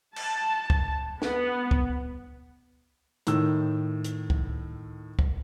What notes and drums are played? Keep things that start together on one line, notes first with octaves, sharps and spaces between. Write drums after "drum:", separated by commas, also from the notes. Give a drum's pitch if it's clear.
A5, drum: cymbal
drum: kick
B3, drum: snare
drum: kick
A2 D#3 E6, drum: hi-hat
drum: hi-hat
drum: kick
drum: kick